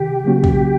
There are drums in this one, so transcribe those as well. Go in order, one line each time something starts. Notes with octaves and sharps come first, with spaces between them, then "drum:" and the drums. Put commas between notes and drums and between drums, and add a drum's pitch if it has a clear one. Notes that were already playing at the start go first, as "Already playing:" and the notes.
Already playing: C2 C3 D#3 G4
C#3 F#3 A#3 C#4 F#4
drum: kick A#1